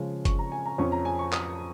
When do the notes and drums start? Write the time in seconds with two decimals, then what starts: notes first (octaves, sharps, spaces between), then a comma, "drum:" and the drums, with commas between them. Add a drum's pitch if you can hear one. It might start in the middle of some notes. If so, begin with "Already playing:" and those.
Already playing: C#3 F3 G#3 C#4
0.25 C#6, drum: kick F#1, hi-hat
0.39 A#5
0.52 G#5
0.66 A#5
0.78 F2 F3 C#4 C#6
0.92 A#5
1.05 G#5
1.19 C#6
1.33 D#6, drum: clap